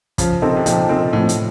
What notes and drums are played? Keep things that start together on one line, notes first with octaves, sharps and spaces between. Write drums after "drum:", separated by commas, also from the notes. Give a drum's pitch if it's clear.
C#3 F3, drum: kick, hi-hat
C3 C4 D#4 A4
C3
A#2 F3, drum: hi-hat
C4 D#4 A4
A2 F3
drum: hi-hat